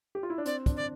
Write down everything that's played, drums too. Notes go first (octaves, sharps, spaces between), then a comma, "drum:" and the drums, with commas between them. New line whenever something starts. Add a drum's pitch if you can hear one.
G4
F4
E4
D4
C4 D5, drum: hi-hat
D4, drum: kick, hi-hat
D5